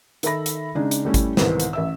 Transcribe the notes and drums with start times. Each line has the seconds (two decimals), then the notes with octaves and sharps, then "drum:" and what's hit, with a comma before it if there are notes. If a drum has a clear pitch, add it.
0.23 D#3 A4 E5 B5 A#6, drum: hi-hat
0.46 drum: hi-hat
0.75 C#3 G#3 D4 D#4
0.91 drum: hi-hat
1.05 G3 A3 C#4 E4
1.14 drum: kick, hi-hat
1.37 C2 G#2 D#3 E3 B3 C4, drum: snare
1.60 drum: hi-hat
1.73 A1 E5 E6